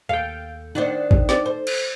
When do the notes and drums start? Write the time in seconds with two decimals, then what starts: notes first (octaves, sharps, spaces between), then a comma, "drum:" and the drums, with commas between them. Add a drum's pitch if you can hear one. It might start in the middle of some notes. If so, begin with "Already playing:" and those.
0.09 D#2 A4 F5 G5 G6
0.75 D#3 D4 D#4 C5 F#5
1.11 drum: kick G#1
1.29 C4 D5, drum: snare
1.46 A4 C5
1.67 drum: cymbal